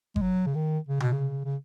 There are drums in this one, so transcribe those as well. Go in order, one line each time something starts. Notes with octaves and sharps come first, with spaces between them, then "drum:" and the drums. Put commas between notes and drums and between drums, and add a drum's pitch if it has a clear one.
G#3, drum: kick G1
F#3
C#3
D#3
C#3
B2, drum: tom C3
C#3
C#3